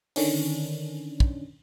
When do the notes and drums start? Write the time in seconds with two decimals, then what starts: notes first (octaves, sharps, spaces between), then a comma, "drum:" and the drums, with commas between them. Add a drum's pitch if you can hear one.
0.16 D3 D#3 C#4 D4, drum: open hi-hat
1.20 drum: kick